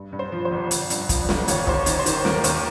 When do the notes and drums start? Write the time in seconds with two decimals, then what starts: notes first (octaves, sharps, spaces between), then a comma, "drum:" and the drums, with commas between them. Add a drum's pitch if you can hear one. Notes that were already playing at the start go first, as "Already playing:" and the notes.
Already playing: G2
0.13 G2
0.19 C5
0.32 F3
0.45 C5
0.51 G1
0.71 G1, drum: hi-hat
0.90 G2, drum: hi-hat
1.09 F3, drum: kick, hi-hat
1.29 G1, drum: snare
1.48 D#2 C#5, drum: hi-hat
1.67 D#2 C5, drum: kick
1.73 C#5
1.86 D#3, drum: hi-hat
1.99 C5
2.06 D#3, drum: hi-hat
2.25 D#2 A#4, drum: snare
2.44 D#2 C5, drum: hi-hat